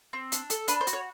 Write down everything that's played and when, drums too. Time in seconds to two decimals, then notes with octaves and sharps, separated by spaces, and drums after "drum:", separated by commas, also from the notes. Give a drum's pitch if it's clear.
0.13 C4
0.32 D4, drum: hi-hat
0.50 A4, drum: hi-hat
0.68 D4 B4, drum: hi-hat
0.81 C5
0.87 F#4, drum: hi-hat
0.93 C#5